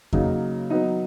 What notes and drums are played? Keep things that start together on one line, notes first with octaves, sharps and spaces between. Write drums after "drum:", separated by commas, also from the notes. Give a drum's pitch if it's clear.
C#3 F#3 A#3 D#4, drum: kick F2
F#3 B3 D#4